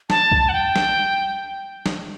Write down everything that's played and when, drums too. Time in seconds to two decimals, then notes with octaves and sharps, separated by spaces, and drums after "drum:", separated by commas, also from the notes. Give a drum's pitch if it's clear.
0.10 A5, drum: snare
0.32 drum: kick B1
0.49 F#5
0.53 G5
0.76 drum: snare
1.86 drum: snare